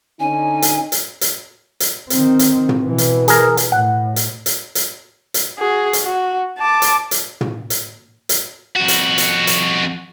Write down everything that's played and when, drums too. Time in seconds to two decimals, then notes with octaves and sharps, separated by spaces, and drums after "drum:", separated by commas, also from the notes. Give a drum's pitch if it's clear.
0.20 D3 C#4 D#4 G#5
0.62 drum: hi-hat
0.92 drum: hi-hat
1.21 drum: hi-hat
1.80 drum: hi-hat
2.10 D#3 C4, drum: hi-hat
2.39 drum: hi-hat
2.69 drum: tom
2.82 B2 E3
2.98 drum: hi-hat
3.28 G#4 A#4, drum: hi-hat
3.57 drum: hi-hat
3.72 A2 F#5
4.16 drum: hi-hat
4.46 drum: hi-hat
4.75 drum: hi-hat
5.34 drum: hi-hat
5.59 F#4 G#4
5.93 drum: hi-hat
6.03 F#4
6.59 A5 D6
6.82 drum: hi-hat
7.11 drum: hi-hat
7.41 drum: tom
7.70 drum: hi-hat
8.29 drum: hi-hat
8.75 F2 F#4
8.88 drum: hi-hat
9.18 drum: hi-hat
9.47 drum: hi-hat